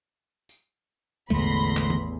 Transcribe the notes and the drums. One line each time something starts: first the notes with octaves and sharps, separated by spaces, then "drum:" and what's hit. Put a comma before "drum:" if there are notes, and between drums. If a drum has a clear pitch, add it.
drum: tambourine
A1 E2 D3 G#3 A3 B5 C6 A#6, drum: kick
drum: clap
drum: tom D#3